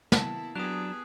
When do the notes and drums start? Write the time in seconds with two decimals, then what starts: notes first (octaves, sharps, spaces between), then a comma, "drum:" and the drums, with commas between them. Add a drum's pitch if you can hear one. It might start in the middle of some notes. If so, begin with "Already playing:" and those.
0.12 A#3 B3 E4 A5, drum: snare
0.55 F#3 B3 D4 G4 G#4 D#6 F#6